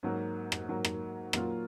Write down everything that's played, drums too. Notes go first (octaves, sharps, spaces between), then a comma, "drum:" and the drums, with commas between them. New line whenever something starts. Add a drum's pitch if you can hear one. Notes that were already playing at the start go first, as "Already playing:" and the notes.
G#2 F#3 A#3
drum: rim click
G#2 F#3 A#3
drum: rim click
A#2 F#3 A#3 F4, drum: rim click